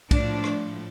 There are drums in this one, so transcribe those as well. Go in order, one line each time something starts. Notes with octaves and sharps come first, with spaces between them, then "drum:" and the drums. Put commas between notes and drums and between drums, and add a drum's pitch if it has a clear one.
A2 F3 D4, drum: kick B1, cymbal
drum: rim click